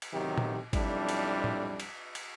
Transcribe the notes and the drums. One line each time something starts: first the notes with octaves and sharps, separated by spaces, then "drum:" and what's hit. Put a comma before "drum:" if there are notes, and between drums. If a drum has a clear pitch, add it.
drum: cymbal
A1 C3 D#3 F#3 G4
drum: tom A#2
B1 F2 G3 D4 E4, drum: kick, cymbal
drum: cymbal
drum: tom A2
drum: cymbal
drum: cymbal